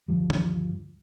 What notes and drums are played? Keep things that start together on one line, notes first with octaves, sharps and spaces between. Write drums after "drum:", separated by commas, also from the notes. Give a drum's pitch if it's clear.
D2 G2 F3 G3
drum: tom